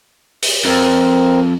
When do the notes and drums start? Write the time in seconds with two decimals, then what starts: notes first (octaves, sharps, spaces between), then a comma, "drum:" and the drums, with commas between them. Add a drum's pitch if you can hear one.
0.43 drum: open hi-hat
0.65 F2 C4 A#4